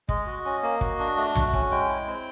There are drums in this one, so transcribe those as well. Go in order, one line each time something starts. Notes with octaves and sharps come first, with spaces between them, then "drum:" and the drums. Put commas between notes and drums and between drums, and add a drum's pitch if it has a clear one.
G#3 D#5, drum: kick
F#4
C#4
A#3
F#4, drum: kick
D4
A3
F#4, drum: tom B1
C#4, drum: kick
G#3 G5
E4
C4